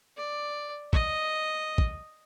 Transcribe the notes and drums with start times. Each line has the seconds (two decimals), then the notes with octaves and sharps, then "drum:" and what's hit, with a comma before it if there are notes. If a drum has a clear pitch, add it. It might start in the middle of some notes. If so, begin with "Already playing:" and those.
0.17 D5
0.93 D#5, drum: kick
1.78 drum: kick